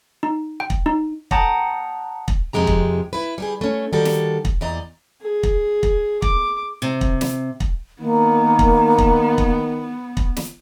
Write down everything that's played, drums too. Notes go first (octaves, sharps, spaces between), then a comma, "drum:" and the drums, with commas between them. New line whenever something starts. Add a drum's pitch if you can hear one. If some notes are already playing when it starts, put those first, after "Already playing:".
D#4
G5
drum: kick
D#4
F#5 G5 A5 A#5 D#6, drum: kick
drum: kick
F2 C3 G#3 G4 A#5
drum: kick
E4 B4
G3 G4 G#4
A3 C#4
D#3 G3 F#4 G4 A4
drum: snare
drum: kick
E2 A#2 D5 D#5 A#5
G#4
drum: kick
drum: kick
D6, drum: kick
C3
drum: kick
drum: snare
drum: kick
D#3 A#3 B3
drum: kick
drum: kick
drum: kick
drum: kick
drum: snare